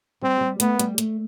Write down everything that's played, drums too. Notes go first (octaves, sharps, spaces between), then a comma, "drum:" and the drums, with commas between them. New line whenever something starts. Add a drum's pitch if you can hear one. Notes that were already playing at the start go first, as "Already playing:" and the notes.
G3 C4
G3
A3 B3, drum: hi-hat
G3, drum: hi-hat
A3, drum: hi-hat